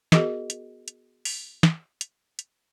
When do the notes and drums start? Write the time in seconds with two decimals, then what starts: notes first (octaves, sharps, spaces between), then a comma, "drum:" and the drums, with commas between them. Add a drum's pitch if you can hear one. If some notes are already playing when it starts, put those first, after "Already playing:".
0.12 B3 F#4 G#4 A#4 D#5, drum: snare
0.50 drum: hi-hat
0.88 drum: hi-hat
1.25 drum: open hi-hat
1.63 drum: snare
2.01 drum: hi-hat
2.39 drum: hi-hat